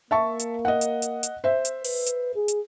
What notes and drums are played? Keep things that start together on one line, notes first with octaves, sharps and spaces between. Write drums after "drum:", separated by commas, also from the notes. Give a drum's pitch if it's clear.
A#3 E5 A5 C#6
drum: hi-hat
D#5 F#5
drum: hi-hat
drum: hi-hat
drum: hi-hat
C5 E5
drum: hi-hat
B4, drum: open hi-hat
drum: hi-hat
G#4
drum: hi-hat